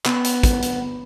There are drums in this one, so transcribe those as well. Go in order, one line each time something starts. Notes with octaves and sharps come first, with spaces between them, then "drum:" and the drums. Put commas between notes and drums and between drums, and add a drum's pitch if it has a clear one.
B3, drum: clap
drum: hi-hat
drum: kick, hi-hat
drum: hi-hat